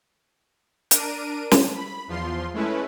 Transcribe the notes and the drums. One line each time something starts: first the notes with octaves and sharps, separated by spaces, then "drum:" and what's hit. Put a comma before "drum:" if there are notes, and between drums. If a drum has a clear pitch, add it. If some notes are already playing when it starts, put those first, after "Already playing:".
D4 A#4 D7 D#7, drum: hi-hat
drum: snare
B5
E2 F3 F4 C6
G#3 A3 C#4 E4 B4